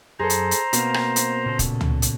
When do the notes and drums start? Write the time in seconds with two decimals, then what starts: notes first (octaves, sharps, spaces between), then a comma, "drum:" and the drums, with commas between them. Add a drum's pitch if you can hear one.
0.19 F#2 G#4 A4 C5 A#5
0.30 drum: hi-hat
0.51 drum: hi-hat
0.73 B2 A#3 C4 F5, drum: hi-hat
0.94 drum: rim click
1.16 drum: hi-hat
1.46 A#2 C#3 A4
1.59 drum: kick, hi-hat
1.81 drum: tom C#2
2.02 drum: hi-hat